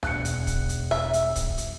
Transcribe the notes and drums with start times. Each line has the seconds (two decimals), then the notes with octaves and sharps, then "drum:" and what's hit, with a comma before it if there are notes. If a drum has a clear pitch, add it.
0.03 E1 F#6 C#7, drum: rim click
0.25 drum: hi-hat
0.47 drum: kick, hi-hat
0.69 drum: hi-hat
0.91 E5, drum: rim click
1.13 drum: hi-hat
1.35 drum: kick, hi-hat
1.58 drum: hi-hat